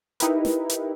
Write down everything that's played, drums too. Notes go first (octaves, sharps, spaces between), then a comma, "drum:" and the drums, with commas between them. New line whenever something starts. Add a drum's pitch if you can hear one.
D#4 E4 G4 A#4 B4, drum: hi-hat
drum: snare
drum: hi-hat